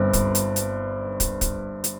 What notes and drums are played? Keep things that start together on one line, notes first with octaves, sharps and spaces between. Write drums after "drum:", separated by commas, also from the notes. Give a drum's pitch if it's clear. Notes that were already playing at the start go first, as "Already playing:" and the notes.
Already playing: G1 G2 C4
drum: kick, hi-hat
drum: hi-hat
drum: hi-hat
drum: kick, hi-hat
drum: kick, hi-hat
drum: hi-hat